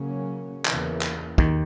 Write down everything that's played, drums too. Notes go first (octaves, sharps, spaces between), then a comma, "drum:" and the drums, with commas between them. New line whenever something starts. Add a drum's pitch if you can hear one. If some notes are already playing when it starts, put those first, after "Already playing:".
Already playing: C#3 F#3 A#3 C#4
E2 C#3 E3 A#3, drum: clap
drum: clap
D#2 D#3, drum: kick